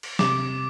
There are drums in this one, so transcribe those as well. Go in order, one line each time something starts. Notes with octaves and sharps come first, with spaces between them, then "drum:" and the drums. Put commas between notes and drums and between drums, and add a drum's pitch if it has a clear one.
drum: cymbal
C3 D6, drum: snare